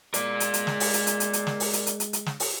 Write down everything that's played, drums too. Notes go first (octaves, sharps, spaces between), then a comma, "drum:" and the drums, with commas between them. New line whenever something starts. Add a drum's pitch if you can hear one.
G#3 A#4 D5, drum: hi-hat
drum: hi-hat
drum: hi-hat
drum: snare
drum: open hi-hat
drum: hi-hat
drum: hi-hat
drum: hi-hat
drum: hi-hat
drum: snare
drum: open hi-hat
drum: hi-hat
drum: hi-hat
drum: hi-hat
drum: hi-hat
drum: snare
drum: open hi-hat